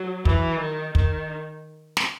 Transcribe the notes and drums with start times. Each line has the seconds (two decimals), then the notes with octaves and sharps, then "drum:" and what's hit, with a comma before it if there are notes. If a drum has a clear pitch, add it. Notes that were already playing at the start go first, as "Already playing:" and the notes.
Already playing: F#3
0.25 E3, drum: kick
0.60 D#3
0.95 D#3, drum: kick
1.97 drum: snare